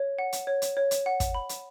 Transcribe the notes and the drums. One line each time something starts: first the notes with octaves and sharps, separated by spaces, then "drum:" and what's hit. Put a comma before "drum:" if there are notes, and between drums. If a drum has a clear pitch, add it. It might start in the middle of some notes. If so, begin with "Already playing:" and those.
Already playing: C#5
F#5
drum: hi-hat
C#5
drum: hi-hat
C#5
drum: hi-hat
F#5
drum: kick, hi-hat
B5
drum: hi-hat